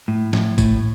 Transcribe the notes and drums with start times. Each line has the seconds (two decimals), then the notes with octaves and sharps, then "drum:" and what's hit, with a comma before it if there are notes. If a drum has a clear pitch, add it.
0.08 A2
0.33 A2, drum: snare
0.58 A2, drum: kick, tambourine